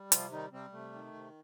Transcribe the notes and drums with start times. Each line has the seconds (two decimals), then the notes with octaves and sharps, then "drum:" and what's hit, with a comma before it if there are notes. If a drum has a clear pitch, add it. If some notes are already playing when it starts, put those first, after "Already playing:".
Already playing: G3
0.12 C3 F3 F4, drum: hi-hat
0.31 D#3 G3 D#4
0.52 C3 G3 C4
0.72 C3 A3
0.93 D#3
1.13 C3